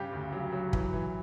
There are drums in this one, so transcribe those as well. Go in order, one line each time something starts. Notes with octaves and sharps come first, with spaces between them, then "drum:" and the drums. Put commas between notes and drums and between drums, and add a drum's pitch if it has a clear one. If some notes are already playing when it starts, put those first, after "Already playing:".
Already playing: G2 C#3 G4
D2
F#3
F#3
E3, drum: kick
E3